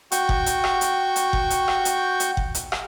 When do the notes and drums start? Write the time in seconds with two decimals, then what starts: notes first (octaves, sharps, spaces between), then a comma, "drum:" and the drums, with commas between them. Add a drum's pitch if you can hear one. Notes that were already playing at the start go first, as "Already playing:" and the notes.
0.12 F#4 G5 C#6, drum: hi-hat
0.29 drum: kick F#1
0.46 drum: hi-hat
0.64 drum: rim click
0.81 drum: hi-hat
1.16 drum: hi-hat
1.33 drum: kick F#1
1.50 drum: hi-hat
1.68 drum: rim click
1.85 drum: hi-hat
2.20 drum: hi-hat
2.37 drum: kick F#1
2.55 drum: hi-hat
2.72 drum: rim click